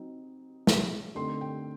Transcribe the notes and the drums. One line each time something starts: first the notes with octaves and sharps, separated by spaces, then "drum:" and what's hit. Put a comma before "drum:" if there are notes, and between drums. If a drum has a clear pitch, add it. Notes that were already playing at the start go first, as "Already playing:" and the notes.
Already playing: F#3 C4 D#4
drum: snare
D3 A3 C4 D#4 C6
G5